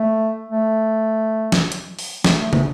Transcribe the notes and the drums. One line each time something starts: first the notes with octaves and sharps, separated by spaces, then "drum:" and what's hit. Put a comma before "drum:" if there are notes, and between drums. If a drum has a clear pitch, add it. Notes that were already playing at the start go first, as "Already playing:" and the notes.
Already playing: A3
A3
drum: snare
drum: hi-hat
drum: open hi-hat
A3, drum: snare
A3
A3, drum: tom